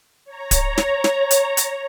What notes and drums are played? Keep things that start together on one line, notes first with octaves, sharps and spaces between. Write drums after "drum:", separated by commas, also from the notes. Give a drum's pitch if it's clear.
C#5 A#5
drum: kick D1, hi-hat
drum: snare
drum: snare
drum: hi-hat
drum: hi-hat